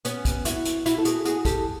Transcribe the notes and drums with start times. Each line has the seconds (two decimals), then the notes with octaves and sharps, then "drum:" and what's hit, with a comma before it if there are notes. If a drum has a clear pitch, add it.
0.05 B3 C#4, drum: hi-hat
0.25 drum: kick, hi-hat
0.45 E4 F#4, drum: hi-hat
0.65 drum: hi-hat
0.86 E4 F#4, drum: hi-hat
0.98 A4
1.05 F#4 G#4, drum: hi-hat
1.25 F#4 G#4, drum: hi-hat
1.45 G4 A4, drum: kick, hi-hat